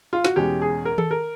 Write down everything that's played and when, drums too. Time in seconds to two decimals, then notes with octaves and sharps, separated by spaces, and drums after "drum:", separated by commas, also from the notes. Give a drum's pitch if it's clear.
0.13 F4
0.25 F#4, drum: snare
0.36 E2 B2 G#3 C#4 G4
0.62 G#4
0.85 A#4
0.98 A4, drum: tom D#3
1.11 A#4